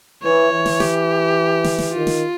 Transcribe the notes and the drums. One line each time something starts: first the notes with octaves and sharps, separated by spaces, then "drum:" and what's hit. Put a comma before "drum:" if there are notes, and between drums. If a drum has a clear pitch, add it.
E3 C#5
E3
drum: snare
G4, drum: snare
drum: snare
drum: snare
D#3 F4
drum: snare